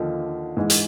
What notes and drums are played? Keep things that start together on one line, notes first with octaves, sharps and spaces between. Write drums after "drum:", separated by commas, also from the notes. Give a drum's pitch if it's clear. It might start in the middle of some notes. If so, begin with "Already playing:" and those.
Already playing: D#2 D3 F3
G#2 E3 G#3
drum: hi-hat